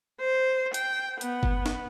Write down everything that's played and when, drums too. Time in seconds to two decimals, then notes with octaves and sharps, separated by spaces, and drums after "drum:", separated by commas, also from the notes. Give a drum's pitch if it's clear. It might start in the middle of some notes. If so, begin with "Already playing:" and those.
0.21 C5
0.74 G5, drum: hi-hat
1.21 B3, drum: hi-hat
1.43 drum: kick G1
1.66 drum: snare